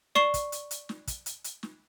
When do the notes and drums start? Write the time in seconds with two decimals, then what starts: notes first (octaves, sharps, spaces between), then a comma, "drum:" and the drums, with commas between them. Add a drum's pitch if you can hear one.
0.15 D5 C#6 C7 E7 G7, drum: snare
0.34 drum: kick, hi-hat
0.52 drum: hi-hat
0.71 drum: hi-hat
0.89 drum: snare
1.07 drum: kick, hi-hat
1.26 drum: hi-hat
1.44 drum: hi-hat
1.63 drum: snare